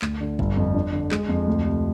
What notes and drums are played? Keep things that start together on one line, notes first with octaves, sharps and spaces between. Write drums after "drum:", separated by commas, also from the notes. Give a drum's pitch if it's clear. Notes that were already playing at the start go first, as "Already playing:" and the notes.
D2, drum: clap
D3
G1, drum: kick
F2
D4
D3
G#3, drum: clap
F2
D2
C3